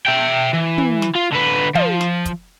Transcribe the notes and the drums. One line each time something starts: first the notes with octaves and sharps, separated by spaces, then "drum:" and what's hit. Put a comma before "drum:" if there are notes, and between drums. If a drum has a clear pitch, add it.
E5 G5
E3
drum: tom
drum: snare
F4
D3 B4
F3, drum: tom
drum: snare
drum: kick, hi-hat